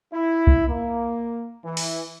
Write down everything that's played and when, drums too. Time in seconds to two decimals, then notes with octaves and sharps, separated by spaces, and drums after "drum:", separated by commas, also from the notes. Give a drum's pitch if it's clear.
0.13 E4
0.47 drum: kick C2
0.68 A#3
1.64 E3
1.77 drum: open hi-hat